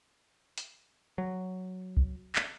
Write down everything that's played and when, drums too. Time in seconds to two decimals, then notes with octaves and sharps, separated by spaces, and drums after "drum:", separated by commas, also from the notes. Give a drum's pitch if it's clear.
0.58 drum: hi-hat
1.18 F#3
1.97 drum: kick C2
2.36 drum: clap